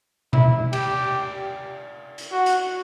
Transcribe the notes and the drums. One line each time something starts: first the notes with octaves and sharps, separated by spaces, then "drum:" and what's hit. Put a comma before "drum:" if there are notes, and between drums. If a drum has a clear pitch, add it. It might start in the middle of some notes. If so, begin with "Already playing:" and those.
E4, drum: tom B2
G4, drum: cymbal
drum: hi-hat
F#4
drum: hi-hat